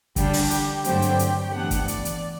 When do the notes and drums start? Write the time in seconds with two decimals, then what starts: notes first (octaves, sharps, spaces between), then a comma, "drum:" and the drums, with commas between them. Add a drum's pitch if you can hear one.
0.16 D3 G3 D4 G4, drum: kick, hi-hat
0.33 drum: open hi-hat
0.51 drum: hi-hat
0.84 G2 D3 F#3 A3 C4 G4, drum: hi-hat
1.02 drum: hi-hat
1.19 drum: hi-hat
1.53 A2 E3 B3 D4 F#5
1.71 drum: kick, hi-hat
1.88 D5, drum: hi-hat
2.05 drum: hi-hat